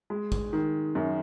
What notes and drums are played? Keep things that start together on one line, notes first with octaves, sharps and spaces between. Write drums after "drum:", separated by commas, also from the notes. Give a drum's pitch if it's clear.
G#3
drum: kick G#1
D#3
F#2